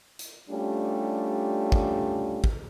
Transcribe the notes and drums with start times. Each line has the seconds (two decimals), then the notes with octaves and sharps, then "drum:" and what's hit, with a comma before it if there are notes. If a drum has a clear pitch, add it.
0.19 drum: hi-hat
0.49 G3 A3 C#4 D4 F4 G4
1.72 drum: kick
2.44 drum: kick